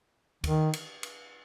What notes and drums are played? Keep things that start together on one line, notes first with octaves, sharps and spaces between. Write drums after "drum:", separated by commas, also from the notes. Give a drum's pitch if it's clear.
D#3, drum: kick D2, cymbal
drum: cymbal
drum: cymbal